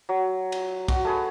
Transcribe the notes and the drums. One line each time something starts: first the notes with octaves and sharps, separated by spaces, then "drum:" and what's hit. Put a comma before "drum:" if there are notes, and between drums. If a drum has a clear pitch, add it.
F#3
drum: cymbal
F#4, drum: kick, cymbal
A3 G#4 B4